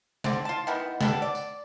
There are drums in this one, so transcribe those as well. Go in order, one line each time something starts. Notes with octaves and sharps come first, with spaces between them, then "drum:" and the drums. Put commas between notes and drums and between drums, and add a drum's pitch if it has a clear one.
D3 C4 D5, drum: snare
F4 A5
D#3 E3 B3
G3 B3 D4 A4, drum: snare
D5
drum: tambourine